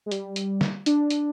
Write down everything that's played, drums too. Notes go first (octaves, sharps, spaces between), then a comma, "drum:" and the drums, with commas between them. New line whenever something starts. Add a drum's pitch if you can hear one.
G#3
G3, drum: hi-hat
drum: hi-hat
drum: snare
D4, drum: hi-hat
drum: hi-hat